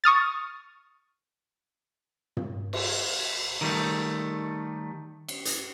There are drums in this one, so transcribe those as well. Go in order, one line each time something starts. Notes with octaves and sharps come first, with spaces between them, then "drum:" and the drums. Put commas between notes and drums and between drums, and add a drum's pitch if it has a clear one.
C#6 D#6 F6 A6
drum: tom
drum: cymbal
D#3 G3 A3
drum: cymbal
drum: hi-hat